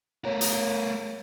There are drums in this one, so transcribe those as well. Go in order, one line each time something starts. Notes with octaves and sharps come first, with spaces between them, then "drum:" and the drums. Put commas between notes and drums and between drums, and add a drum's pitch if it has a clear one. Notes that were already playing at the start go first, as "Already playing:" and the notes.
A3 A#4 C#5
drum: hi-hat